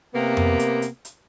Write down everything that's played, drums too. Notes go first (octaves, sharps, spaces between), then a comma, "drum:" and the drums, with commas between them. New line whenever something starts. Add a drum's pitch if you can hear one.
C3 A#3 B3
drum: tom F2
drum: hi-hat
drum: hi-hat
drum: hi-hat